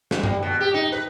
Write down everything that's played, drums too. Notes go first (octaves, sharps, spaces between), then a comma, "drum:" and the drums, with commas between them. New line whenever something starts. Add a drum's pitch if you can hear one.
E2, drum: snare
G3, drum: tom F#2
B2
G4
D#4
B4